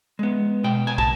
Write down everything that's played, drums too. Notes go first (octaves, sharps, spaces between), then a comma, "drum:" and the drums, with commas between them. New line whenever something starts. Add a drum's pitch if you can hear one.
G#3 B3
B2 G5
G#5
A5, drum: kick